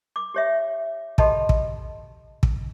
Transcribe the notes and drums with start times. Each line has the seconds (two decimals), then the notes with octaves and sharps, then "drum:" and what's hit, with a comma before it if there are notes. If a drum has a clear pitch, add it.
0.16 D6
0.34 G4 C#5 E5
1.18 F#4 G4 A4 D#5 A5 B5, drum: kick
1.49 drum: kick
2.43 drum: kick